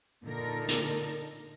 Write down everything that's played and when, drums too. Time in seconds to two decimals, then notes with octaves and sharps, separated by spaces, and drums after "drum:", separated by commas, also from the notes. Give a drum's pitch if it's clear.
0.24 A#2 D3 D#4 A4 A#4
0.68 drum: hi-hat